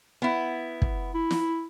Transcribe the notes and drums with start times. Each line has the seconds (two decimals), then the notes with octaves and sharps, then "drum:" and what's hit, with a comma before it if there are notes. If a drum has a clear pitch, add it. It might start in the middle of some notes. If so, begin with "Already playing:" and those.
0.22 B3 E4
0.82 drum: kick
1.14 E4
1.31 drum: snare